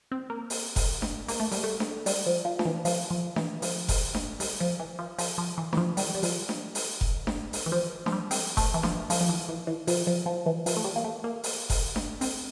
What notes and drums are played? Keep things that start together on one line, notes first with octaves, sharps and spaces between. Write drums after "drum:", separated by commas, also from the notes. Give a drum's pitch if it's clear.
C4
A#3
drum: open hi-hat
drum: kick F1, open hi-hat
drum: snare D4
A#3, drum: open hi-hat
A3
G3, drum: open hi-hat
A3
drum: snare D4
G3, drum: open hi-hat
F3
F3
F3, drum: snare D4
E3
F3, drum: open hi-hat
F3
E3, drum: snare D4
F3, drum: open hi-hat
drum: kick F1, open hi-hat
drum: snare D4
G3, drum: open hi-hat
F3
E3
F3
F3, drum: open hi-hat
F3
E3
E3, drum: snare D4
F3
G3, drum: open hi-hat
G3
F3, drum: open hi-hat
drum: snare D4
drum: open hi-hat
drum: kick F1
drum: snare D4
drum: open hi-hat
E3
F3
F3, drum: snare D4
G3
C4, drum: open hi-hat
A3, drum: kick F1, open hi-hat
E3
F3, drum: snare D4
F3, drum: open hi-hat
F3
E3
E3
E3
F3, drum: open hi-hat
F3
F3
E3
F3, drum: open hi-hat
A3
G3
A#3
A3
A#3
drum: open hi-hat
drum: kick F1, open hi-hat
drum: snare D4
C4, drum: open hi-hat